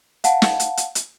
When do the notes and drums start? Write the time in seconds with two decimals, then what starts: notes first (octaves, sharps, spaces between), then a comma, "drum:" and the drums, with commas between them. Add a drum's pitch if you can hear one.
0.24 F5 F#5 A5, drum: hi-hat
0.42 drum: snare
0.60 drum: hi-hat
0.77 drum: hi-hat
0.95 drum: hi-hat